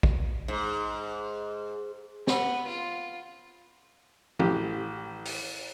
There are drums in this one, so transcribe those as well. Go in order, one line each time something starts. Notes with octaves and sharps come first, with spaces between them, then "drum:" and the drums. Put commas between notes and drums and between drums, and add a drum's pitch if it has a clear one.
drum: kick
G#2
B3, drum: snare
F4
A1 G4, drum: tom
drum: open hi-hat